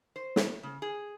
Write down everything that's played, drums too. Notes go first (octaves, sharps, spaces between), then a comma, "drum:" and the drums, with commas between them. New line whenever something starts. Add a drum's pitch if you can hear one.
C5
drum: snare
C#3
G#4